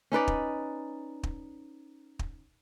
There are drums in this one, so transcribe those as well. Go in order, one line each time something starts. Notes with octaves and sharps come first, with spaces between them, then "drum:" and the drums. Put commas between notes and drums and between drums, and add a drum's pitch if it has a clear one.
C#4 D#4 B4 D5
drum: kick
drum: kick
drum: kick